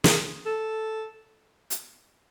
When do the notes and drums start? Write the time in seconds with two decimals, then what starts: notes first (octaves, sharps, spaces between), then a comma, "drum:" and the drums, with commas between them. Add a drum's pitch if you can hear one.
0.04 G#4, drum: snare
0.46 A4
1.70 drum: hi-hat